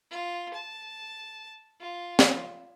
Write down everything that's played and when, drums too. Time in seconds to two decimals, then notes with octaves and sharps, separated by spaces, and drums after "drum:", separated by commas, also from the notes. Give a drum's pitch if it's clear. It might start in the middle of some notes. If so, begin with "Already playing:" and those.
0.11 F4
0.54 A5
1.81 F4
2.19 drum: snare